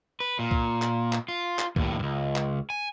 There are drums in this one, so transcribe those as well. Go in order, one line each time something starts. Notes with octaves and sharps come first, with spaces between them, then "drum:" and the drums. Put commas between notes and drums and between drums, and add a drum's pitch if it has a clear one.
B4
A#2
drum: kick
drum: clap
drum: clap
F4
drum: clap
D#2 A2, drum: kick
C#2 G2
drum: clap
G#5